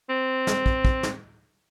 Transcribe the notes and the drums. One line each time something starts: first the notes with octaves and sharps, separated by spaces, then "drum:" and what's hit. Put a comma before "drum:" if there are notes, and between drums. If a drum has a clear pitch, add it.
C4
drum: snare
drum: kick
drum: kick
drum: snare